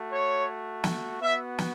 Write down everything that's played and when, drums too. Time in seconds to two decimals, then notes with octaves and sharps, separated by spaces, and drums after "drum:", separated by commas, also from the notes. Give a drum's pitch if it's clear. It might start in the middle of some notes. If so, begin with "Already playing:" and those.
Already playing: A3 F#4
0.09 C#5
0.84 drum: snare
1.21 B3 F#4 E5
1.58 drum: snare